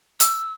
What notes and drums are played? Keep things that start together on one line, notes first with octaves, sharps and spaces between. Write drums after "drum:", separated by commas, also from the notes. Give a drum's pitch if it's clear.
E6, drum: hi-hat